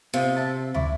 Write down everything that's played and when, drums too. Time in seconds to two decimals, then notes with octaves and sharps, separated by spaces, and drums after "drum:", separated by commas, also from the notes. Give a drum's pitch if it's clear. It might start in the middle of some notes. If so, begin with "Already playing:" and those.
0.14 C3 F4 D#5
0.36 E5 A5
0.74 E4 D5 C#6, drum: tom